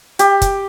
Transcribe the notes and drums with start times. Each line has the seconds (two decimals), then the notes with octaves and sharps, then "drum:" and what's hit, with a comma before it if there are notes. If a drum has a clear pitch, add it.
0.19 G4, drum: hi-hat
0.42 drum: kick, hi-hat